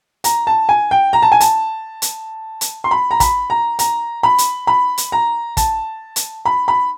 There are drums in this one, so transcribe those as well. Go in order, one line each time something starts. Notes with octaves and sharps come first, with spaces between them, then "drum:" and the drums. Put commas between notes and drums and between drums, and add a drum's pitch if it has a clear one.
A#5, drum: hi-hat
A5
G#5
G5
A#5
A5
G#5
A5, drum: hi-hat
drum: hi-hat
drum: hi-hat
C6
B5
A#5
B5, drum: kick, hi-hat
A#5
A#5, drum: hi-hat
B5
drum: hi-hat
B5
drum: hi-hat
A#5
A5, drum: kick, hi-hat
drum: hi-hat
B5
B5